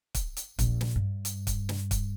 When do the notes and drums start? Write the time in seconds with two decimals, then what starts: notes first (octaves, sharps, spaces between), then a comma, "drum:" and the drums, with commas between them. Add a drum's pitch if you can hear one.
0.15 drum: kick, hi-hat
0.37 drum: hi-hat
0.59 A#1, drum: kick, hi-hat
0.81 drum: snare
0.96 G2
1.25 drum: hi-hat
1.47 drum: kick, hi-hat
1.69 drum: snare
1.91 drum: kick, hi-hat